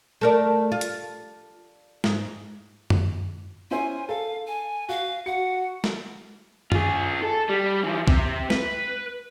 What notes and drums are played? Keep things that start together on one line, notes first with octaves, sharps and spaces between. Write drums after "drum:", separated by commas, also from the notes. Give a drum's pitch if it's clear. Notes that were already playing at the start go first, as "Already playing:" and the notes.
A3 A#4 D5
F4
drum: hi-hat
G#2, drum: snare
drum: tom F#2
C#4 E4 C5 G#5
A4 F5
G#5
F#4 F5
F#4 F#5 C#7
drum: snare
F4 G#4, drum: tom F#2
A4
G3
E3 F3
C3, drum: kick A#1
B4, drum: snare